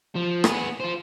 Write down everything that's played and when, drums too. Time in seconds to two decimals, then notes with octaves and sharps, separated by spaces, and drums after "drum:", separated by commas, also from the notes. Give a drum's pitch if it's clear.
0.16 F3
0.44 B3 G#4, drum: rim click
0.80 F4 C5